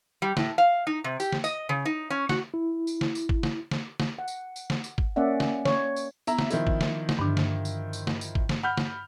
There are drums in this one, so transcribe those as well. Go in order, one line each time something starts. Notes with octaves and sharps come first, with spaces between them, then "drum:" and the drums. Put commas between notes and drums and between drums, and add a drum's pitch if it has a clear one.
G3
A2, drum: snare
F5
D#4
C3
G4, drum: tambourine
drum: snare
D#5, drum: tambourine
C#3
D#4
C#4
F#4, drum: snare
E4
drum: tambourine
drum: snare
drum: tambourine
drum: kick
drum: snare
drum: snare
drum: snare
F#5
drum: tambourine
drum: tambourine
drum: snare
drum: tambourine
drum: kick
A#3 C#4 D5 E5 F#5
drum: snare
C#5, drum: snare
drum: tambourine
B3 E4 E5 A#5, drum: tambourine
drum: snare
D#3 F3 E4, drum: tambourine
drum: kick
drum: snare
drum: snare
G2 D3 D4
drum: snare
drum: tambourine
drum: tambourine
drum: snare
drum: tambourine
drum: kick
drum: snare
F#5 B5 F6 G6
drum: snare